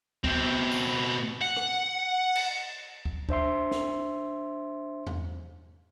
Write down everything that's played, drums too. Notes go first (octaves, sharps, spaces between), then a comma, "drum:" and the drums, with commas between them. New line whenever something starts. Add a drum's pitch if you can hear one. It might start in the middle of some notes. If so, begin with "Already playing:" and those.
B2 C4, drum: kick
drum: tambourine
F#5
drum: rim click
drum: cymbal
drum: kick
D4 C5 E5 C6, drum: kick
drum: snare
drum: tom E2